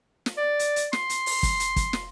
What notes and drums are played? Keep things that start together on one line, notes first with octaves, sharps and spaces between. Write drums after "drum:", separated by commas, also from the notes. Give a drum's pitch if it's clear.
drum: snare
D5
drum: hi-hat
drum: hi-hat
C6, drum: snare
drum: hi-hat
drum: open hi-hat
drum: kick, hi-hat
drum: hi-hat
drum: kick, hi-hat
drum: snare